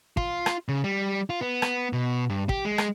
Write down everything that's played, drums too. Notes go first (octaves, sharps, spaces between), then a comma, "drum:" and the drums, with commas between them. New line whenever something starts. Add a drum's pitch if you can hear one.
F4, drum: kick
drum: rim click
C#3
G3
F4
B3
drum: rim click
B2
G2
G4, drum: kick
G#3
drum: rim click